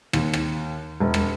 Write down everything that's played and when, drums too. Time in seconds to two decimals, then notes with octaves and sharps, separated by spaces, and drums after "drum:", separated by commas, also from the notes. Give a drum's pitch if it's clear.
0.13 D#2, drum: rim click
0.33 drum: rim click
1.00 E1
1.14 drum: rim click